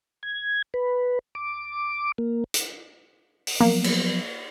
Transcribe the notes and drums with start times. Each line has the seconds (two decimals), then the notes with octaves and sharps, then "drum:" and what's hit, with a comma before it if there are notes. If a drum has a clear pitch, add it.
0.23 G#6
0.74 B4
1.35 D6
2.18 A#3
2.54 drum: hi-hat
3.47 drum: open hi-hat
3.60 F3 F#3 A#3 B3
3.84 drum: cymbal